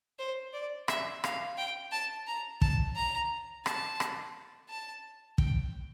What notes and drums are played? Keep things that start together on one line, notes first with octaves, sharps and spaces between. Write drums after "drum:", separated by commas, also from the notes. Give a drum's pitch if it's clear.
C5
D5
E5, drum: rim click
F5, drum: rim click
G5
A5
A#5
A5, drum: kick
A#5
A5, drum: rim click
drum: rim click
A5
G5, drum: kick